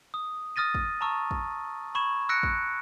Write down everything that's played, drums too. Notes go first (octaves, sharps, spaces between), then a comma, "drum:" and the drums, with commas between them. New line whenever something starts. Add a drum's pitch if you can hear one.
D#6
D#6 F6 A6 A#6 D#7
drum: kick
A5 A#5 C#6 E6
drum: kick
B5 C#6 G#6 E7
E6 F#6 A#6 C#7 D7
drum: kick